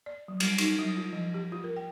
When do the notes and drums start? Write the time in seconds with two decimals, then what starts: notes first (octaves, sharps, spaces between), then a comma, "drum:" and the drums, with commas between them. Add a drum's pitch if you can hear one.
0.06 D5
0.28 F#3
0.40 G3, drum: cymbal
0.58 D#4, drum: cymbal
0.79 F#3
0.97 F4
1.13 F3
1.34 G4
1.52 F4
1.64 A#4
1.76 G5